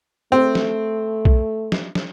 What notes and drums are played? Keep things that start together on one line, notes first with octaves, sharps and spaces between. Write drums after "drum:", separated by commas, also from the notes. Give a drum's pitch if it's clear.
A3 C4
drum: snare
drum: kick B1
drum: snare
drum: snare